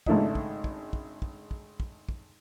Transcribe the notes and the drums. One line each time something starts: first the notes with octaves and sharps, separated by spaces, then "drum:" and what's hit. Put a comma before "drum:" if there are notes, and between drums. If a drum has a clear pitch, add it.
G#1 C#3 A3 D4 E4 D#5, drum: kick
drum: kick
drum: kick
drum: kick
drum: kick
drum: kick
drum: kick
drum: kick